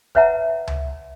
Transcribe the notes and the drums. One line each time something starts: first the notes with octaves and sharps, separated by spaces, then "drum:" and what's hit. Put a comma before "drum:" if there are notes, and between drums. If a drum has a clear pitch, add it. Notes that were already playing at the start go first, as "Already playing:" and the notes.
B4 C#5 E5 F#5 A#5, drum: kick E1
drum: tom C#2